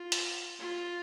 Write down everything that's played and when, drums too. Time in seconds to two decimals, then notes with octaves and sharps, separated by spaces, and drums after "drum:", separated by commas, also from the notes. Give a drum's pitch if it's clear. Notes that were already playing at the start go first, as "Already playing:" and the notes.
Already playing: F4
0.12 drum: hi-hat
0.59 F4